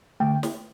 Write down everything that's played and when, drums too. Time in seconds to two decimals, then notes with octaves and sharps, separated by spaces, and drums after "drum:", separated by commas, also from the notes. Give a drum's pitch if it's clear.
0.20 D3 A3 G5
0.43 drum: snare